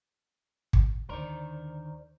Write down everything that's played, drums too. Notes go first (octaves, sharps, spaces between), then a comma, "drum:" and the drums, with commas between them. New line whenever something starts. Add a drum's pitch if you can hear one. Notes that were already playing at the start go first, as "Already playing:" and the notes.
drum: kick
D#2 D3 D#3 A#4 C5 D5